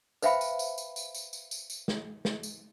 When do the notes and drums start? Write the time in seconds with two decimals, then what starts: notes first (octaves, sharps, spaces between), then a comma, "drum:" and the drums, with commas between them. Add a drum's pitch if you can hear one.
0.22 B4 C5 E5 F5 G5 B5, drum: tambourine
0.41 drum: tambourine
0.59 drum: tambourine
0.78 drum: tambourine
0.96 drum: tambourine
1.14 drum: tambourine
1.33 drum: tambourine
1.51 drum: tambourine
1.70 drum: tambourine
1.88 drum: snare
2.25 drum: snare
2.43 drum: tambourine